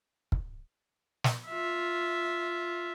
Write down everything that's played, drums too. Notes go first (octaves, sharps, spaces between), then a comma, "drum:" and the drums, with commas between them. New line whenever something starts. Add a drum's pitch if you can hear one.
drum: kick
drum: snare
F4 E5